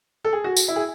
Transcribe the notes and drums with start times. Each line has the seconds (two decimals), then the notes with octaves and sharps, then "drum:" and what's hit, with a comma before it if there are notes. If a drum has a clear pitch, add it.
0.25 A4
0.33 G#4
0.44 F#4
0.57 drum: tambourine
0.68 E4
0.76 G#4